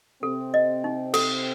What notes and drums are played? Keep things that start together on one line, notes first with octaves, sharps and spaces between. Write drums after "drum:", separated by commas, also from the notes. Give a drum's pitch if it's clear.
C3 C4 A4
D#5
D#4
A4, drum: cymbal